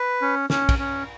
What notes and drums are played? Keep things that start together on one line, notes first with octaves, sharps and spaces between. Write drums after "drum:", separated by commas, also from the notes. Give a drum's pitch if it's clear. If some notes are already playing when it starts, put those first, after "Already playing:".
Already playing: B4
C#4
C#4, drum: snare
drum: kick, cymbal
C#4